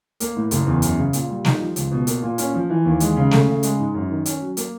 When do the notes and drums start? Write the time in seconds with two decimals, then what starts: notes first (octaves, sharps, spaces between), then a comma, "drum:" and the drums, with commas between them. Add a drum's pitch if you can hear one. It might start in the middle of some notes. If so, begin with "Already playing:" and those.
0.20 A#3, drum: hi-hat
0.36 A2
0.51 F#1, drum: hi-hat
0.66 E2
0.82 F#2, drum: hi-hat
0.97 C#3
1.13 A#2, drum: hi-hat
1.29 G3
1.45 D#4, drum: snare
1.60 F3
1.76 C#2, drum: hi-hat
1.91 B2
2.07 A#3, drum: hi-hat
2.22 A#2
2.38 C#4, drum: hi-hat
2.54 F3
2.70 E3
2.85 D#2
3.00 G#3, drum: hi-hat
3.16 C#3
3.31 A3, drum: snare
3.47 C#3
3.63 G#3, drum: hi-hat
3.79 G#2
3.94 F#2
4.10 D#3
4.26 C#4, drum: hi-hat
4.41 F#3
4.57 A#3, drum: hi-hat